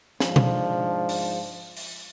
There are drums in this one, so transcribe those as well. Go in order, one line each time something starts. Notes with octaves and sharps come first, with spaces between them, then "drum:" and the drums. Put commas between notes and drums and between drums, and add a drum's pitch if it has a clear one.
G#2 F3 D4, drum: snare
drum: tom B2
drum: open hi-hat
drum: open hi-hat